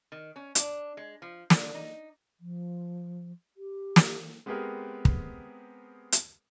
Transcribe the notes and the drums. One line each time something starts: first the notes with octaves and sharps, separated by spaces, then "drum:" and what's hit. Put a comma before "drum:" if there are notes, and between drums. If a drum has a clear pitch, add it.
D#3
C#4
D4, drum: hi-hat
G#3
F3
D3, drum: snare
D#4
F3
G4
drum: snare
G#3 B3 C4 G4 G#4 A#4
drum: kick
drum: hi-hat